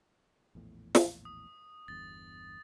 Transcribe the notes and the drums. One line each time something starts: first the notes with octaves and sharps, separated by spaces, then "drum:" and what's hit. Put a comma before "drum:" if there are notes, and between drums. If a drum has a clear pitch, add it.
A#1 E2 A2
drum: snare
D#6
G1 E2 G2 A6